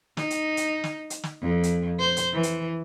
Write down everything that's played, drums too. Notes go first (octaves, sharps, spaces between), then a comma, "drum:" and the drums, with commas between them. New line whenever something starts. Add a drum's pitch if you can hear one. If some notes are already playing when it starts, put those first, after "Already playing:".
D#4, drum: snare
drum: hi-hat
drum: hi-hat
drum: snare
drum: hi-hat
drum: snare
F2
drum: hi-hat
C5
drum: hi-hat
E3
drum: hi-hat